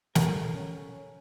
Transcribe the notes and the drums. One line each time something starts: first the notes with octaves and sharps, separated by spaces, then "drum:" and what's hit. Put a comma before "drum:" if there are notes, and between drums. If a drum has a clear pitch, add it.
A4 A#4, drum: snare
C#4